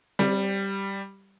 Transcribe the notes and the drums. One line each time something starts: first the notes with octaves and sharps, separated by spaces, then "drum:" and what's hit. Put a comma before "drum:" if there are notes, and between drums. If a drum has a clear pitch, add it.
G3, drum: snare C4